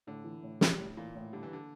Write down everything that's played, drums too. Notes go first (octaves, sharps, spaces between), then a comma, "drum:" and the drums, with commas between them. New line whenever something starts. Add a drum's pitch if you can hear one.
A2 D3
E3
A2
G3, drum: snare
A2
A#2 E3
A2
D3 G3
E3
D3